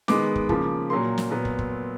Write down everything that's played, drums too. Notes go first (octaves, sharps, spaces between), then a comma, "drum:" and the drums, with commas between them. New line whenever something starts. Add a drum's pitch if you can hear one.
D#3 G#3 B3 D6, drum: snare
drum: kick
C#3 F3 A#3, drum: kick
A#2 F#3 A#3 C6
drum: snare
A#2 F#3 B3
drum: kick
drum: kick